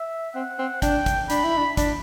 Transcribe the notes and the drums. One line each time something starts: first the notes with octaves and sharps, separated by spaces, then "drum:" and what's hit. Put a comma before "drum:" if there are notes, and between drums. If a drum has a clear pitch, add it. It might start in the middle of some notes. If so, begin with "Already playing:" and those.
Already playing: E5
C4 F#5
C4
D4 G5, drum: kick, hi-hat
drum: kick, hi-hat
D4 B5, drum: hi-hat
E4
D4
D4, drum: kick, hi-hat